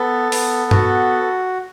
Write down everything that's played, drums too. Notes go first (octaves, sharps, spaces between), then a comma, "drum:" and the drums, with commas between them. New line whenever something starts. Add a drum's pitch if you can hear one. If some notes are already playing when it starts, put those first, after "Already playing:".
Already playing: B3 A4
B3, drum: open hi-hat
F#4, drum: tom G2